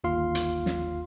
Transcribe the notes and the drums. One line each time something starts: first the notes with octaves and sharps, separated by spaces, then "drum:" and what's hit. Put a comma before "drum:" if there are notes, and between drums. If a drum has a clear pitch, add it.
G1 D#2 F4 F5 C6
drum: hi-hat
drum: snare